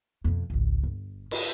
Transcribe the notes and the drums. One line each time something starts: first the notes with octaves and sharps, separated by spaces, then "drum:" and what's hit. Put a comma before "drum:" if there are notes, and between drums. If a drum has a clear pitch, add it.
F2 B2
G#1 C#2
G1
drum: cymbal